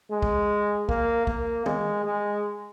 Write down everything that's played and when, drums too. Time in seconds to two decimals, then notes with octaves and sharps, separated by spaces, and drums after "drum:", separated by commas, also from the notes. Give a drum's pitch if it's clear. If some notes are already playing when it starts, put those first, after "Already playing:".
0.11 G#3
0.22 drum: kick
0.89 A#3, drum: kick
1.27 A#3, drum: kick
1.66 G#3, drum: tom
2.05 G#3